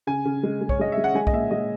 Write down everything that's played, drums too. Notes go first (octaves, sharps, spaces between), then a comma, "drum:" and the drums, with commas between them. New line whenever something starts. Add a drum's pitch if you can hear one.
C#3 G#5
C#3
G#3
G#3
C#5, drum: kick B1
G#3 D#5
E5
G#3
F#5
G#3 G#5
D#5, drum: kick B1
A#2 E5
G#3 D#5